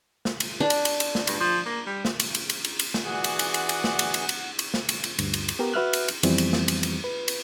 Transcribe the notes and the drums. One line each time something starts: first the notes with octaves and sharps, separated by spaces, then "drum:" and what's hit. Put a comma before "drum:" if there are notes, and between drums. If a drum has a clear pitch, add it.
drum: snare
drum: cymbal
D4
drum: cymbal
drum: cymbal
drum: cymbal
drum: snare
G2, drum: cymbal
F3
A#3
G3
drum: snare
drum: cymbal
drum: cymbal
drum: cymbal
drum: cymbal
drum: cymbal
drum: snare
E3 F#4 G#4 D5 F#5
drum: cymbal
drum: cymbal
drum: cymbal
drum: cymbal
drum: snare
drum: cymbal
drum: cymbal
drum: cymbal
drum: cymbal
drum: snare
drum: cymbal
drum: cymbal
D2 G2, drum: cymbal
drum: cymbal
drum: cymbal
B3 G4 A#4
F#4 B4 E5 F6 F#6
drum: cymbal
drum: cymbal
F2 E3 G3 B3 C4, drum: cymbal
drum: cymbal
drum: snare
drum: cymbal
drum: cymbal
B4
drum: cymbal